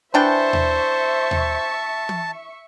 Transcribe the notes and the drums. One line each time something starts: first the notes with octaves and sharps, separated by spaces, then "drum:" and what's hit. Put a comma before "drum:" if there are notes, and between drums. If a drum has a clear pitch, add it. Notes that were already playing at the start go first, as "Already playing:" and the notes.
E3 D4 C5 E5 G5 A5 C#6
drum: tom D#2
drum: tom D#2
drum: tom